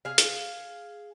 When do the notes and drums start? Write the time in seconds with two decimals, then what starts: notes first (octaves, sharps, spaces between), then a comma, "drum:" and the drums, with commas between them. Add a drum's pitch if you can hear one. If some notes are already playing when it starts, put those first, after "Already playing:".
0.05 G#4 F5
0.18 drum: hi-hat